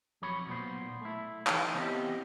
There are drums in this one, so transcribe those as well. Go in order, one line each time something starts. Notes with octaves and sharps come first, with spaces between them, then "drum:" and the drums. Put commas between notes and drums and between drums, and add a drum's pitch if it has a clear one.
F2 F#3 C#5 B5
B1 A#2 B3 C5
A3 E4
E3 D#4, drum: clap
E3 B3 C4 E4 G4 D#5